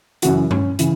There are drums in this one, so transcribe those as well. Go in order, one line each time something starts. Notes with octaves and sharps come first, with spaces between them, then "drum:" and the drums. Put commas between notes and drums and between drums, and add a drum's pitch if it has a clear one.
F#2 C#3 E3 F#4, drum: hi-hat
C#4, drum: tom G2
C#3 E3, drum: hi-hat